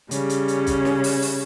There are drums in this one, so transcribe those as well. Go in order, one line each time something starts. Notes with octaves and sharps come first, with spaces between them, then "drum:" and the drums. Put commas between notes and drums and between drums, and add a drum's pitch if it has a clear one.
C#3 G3 C#4, drum: hi-hat
drum: hi-hat
drum: hi-hat
drum: kick, hi-hat
drum: snare
drum: open hi-hat
drum: open hi-hat